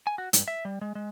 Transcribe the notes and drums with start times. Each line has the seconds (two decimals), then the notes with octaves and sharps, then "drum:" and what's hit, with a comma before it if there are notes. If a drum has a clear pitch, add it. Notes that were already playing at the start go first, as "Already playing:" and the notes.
0.07 G#5
0.18 F#4
0.33 G2, drum: hi-hat
0.48 E5
0.65 G3
0.81 G#3
0.95 G#3